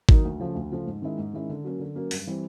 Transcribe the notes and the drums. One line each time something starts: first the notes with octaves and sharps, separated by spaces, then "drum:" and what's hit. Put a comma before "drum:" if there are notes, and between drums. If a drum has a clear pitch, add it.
D#3 F#3 A#3 D#4, drum: kick G#1
D2
C#3 F3 A3
D2
C#3 F3 A3
G#2
D#3 G#3 C#4 E4
G#2
D#3 G#3 C#4 E4
D3
F#3 A#3 C#4
D3
F#3 A#3 C#4
G2, drum: open hi-hat
E3 G3 C4